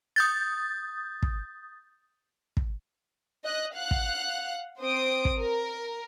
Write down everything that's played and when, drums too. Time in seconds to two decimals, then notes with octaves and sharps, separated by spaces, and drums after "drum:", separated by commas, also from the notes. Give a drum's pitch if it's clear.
0.16 D#6 G6 A6
1.23 drum: kick
2.57 drum: kick
3.45 D#5 F#6
3.75 F5 F#5 F#6
3.91 drum: kick
4.80 C4 C5 D#6 D7
5.25 drum: kick
5.38 A#4